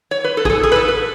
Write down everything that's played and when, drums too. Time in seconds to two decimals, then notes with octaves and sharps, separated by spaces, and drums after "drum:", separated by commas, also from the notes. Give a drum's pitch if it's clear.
0.11 C#5
0.24 B4
0.37 A4
0.45 G#4, drum: kick A1
0.50 A4
0.63 G#4
0.72 B4
0.76 A4
0.88 B4